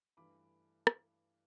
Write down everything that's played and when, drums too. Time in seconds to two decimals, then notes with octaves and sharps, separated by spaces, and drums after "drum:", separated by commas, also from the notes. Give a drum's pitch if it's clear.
0.17 G2 E3 A3 B5 D6
0.87 drum: rim click